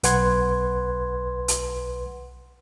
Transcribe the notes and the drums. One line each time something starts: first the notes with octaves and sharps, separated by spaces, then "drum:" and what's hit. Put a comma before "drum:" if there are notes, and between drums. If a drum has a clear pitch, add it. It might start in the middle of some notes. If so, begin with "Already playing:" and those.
B1 B4 F#5 C6 G#6, drum: hi-hat
drum: hi-hat